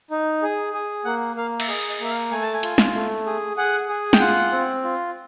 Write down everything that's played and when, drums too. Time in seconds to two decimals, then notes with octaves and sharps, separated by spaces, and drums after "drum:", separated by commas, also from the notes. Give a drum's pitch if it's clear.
0.11 D#4
0.42 G#4
0.73 G#4
1.05 A#3 F#5
1.36 A#3 F5
1.60 E5, drum: cymbal
1.68 G#4 D#5
1.89 D#5
2.00 A#3 E5
2.10 F5
2.31 A3 G#5
2.42 A5
2.54 G#5
2.63 F4, drum: hi-hat
2.78 drum: snare
2.95 A3
3.26 G#4
3.57 G#4 F#5
3.89 G#4
4.13 G5, drum: snare
4.20 F4 F#5
4.52 C4
4.84 F4